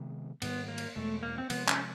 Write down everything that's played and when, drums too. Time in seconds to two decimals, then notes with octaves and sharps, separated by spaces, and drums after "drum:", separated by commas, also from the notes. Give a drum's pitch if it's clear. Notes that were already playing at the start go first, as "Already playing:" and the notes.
Already playing: C3 D#3 G#3 B3
0.42 G#2 D#3 G3 B3, drum: cymbal
0.68 A#3
0.78 drum: cymbal
0.96 E2 B2 G#3 A3
1.23 A#3
1.38 C4
1.50 C3 F3 G#3 B3, drum: cymbal
1.68 C#4, drum: clap